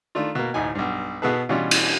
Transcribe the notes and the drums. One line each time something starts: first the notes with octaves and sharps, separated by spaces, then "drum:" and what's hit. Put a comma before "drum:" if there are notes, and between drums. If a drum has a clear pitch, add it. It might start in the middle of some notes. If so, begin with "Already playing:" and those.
D#3 A3 D4 F4
B2 A#3
A1 D2 A2 D#4 G#5
B1 G2
B2 B3 G#4 A4 B4
B2 E3 G3 C#4 D4 F4
drum: cymbal